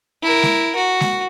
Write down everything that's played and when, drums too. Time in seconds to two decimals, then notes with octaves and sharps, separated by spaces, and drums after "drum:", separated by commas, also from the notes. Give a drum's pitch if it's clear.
0.23 E4 A#4
0.43 drum: snare G#3
0.75 F#4
1.00 drum: snare G#3